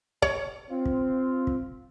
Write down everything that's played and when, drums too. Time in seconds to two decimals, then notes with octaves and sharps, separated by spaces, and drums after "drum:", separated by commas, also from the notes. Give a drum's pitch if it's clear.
0.22 C#5, drum: kick
0.70 C4 F4
0.85 drum: kick
1.47 drum: kick